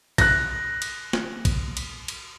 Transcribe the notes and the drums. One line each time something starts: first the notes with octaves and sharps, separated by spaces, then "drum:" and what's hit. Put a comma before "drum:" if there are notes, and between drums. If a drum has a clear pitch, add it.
F#6 A#6, drum: kick, cymbal
drum: cymbal
drum: snare
drum: kick, cymbal
drum: cymbal
drum: cymbal